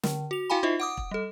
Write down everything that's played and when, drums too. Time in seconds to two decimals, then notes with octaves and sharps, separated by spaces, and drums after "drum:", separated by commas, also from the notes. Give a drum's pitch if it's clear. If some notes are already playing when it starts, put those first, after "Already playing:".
0.03 D3, drum: snare
0.31 F#4 F7
0.50 E4 F#4 F5 G5 G#5 B5
0.63 D#4 F4 C5 D#5 E5
0.80 F#5 D6 D#6
0.97 drum: kick
1.11 G3 A4